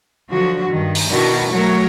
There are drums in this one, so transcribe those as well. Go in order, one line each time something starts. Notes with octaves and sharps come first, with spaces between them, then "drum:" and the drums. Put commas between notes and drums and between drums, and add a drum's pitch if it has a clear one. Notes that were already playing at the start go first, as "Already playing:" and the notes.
D3 F3 F#3 F#4
G2 D#3
drum: open hi-hat
B2 D#3 D4 E4 F#4 A#4
F#3 A3 F#4 A#4 C#5